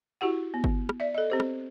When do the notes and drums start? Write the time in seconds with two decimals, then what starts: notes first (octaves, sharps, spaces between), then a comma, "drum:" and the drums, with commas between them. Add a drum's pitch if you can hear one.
0.21 E4 F#4 G4 F#5
0.54 B3
0.64 drum: kick G1
0.89 drum: rim click
1.00 D5 E5
1.14 A4 D#5
1.30 C4 G4 C5
1.40 drum: rim click